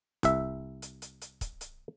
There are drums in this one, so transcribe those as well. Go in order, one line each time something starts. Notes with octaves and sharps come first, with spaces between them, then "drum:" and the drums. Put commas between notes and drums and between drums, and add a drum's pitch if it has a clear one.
C2 E5, drum: kick, hi-hat
drum: hi-hat
drum: hi-hat
drum: hi-hat
drum: kick, hi-hat
drum: hi-hat